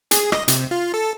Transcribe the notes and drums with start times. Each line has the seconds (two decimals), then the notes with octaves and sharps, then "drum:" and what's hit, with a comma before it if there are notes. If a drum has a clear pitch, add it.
0.11 G#4, drum: hi-hat
0.32 D#5, drum: rim click
0.48 C3, drum: hi-hat
0.71 F4
0.94 A4